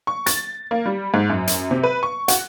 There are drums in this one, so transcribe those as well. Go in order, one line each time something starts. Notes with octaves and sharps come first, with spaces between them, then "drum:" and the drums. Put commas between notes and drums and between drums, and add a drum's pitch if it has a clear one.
C#6
A6, drum: hi-hat
A#3
G3
G#2
F#2
drum: hi-hat
C3
B4
C#6
F#4, drum: hi-hat